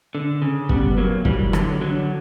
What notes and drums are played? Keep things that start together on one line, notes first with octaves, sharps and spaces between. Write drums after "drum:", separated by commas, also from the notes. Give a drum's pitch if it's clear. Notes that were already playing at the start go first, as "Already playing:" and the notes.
D3
C#3
G3 B3, drum: kick
F#3 A#3
E3 G3, drum: kick
D3 F#3, drum: rim click
D3 F#3